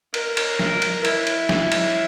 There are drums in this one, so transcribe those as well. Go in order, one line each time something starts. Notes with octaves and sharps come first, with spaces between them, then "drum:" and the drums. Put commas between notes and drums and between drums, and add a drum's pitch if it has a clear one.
A#4, drum: cymbal
drum: cymbal
drum: snare
drum: cymbal
E4, drum: cymbal
drum: cymbal
drum: snare
drum: cymbal